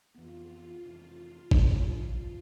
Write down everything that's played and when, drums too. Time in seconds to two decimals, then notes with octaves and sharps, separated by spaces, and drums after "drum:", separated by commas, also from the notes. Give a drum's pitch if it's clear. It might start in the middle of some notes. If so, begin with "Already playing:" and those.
0.15 F2 E3 B3 F4
0.50 F4
0.83 F2 C3 E3 F4
1.18 F4
1.51 D2 C3 E3, drum: kick G#1
2.20 F3